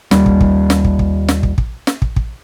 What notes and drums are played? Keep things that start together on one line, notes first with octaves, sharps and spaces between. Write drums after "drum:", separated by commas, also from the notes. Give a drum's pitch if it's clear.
D#2 G3, drum: snare
drum: kick
drum: kick
drum: snare
drum: kick
drum: kick
drum: snare
drum: kick
drum: kick
drum: snare
drum: kick
drum: kick